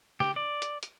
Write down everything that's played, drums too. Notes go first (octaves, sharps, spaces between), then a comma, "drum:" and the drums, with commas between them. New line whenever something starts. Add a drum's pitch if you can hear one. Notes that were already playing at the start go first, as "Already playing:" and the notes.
G4, drum: snare
D5
drum: hi-hat
drum: hi-hat